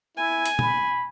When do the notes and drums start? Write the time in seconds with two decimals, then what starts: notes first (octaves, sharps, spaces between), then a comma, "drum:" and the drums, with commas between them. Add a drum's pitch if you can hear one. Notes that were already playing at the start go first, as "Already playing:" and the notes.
0.17 E4 G#5
0.46 drum: hi-hat
0.59 B5, drum: tom A#2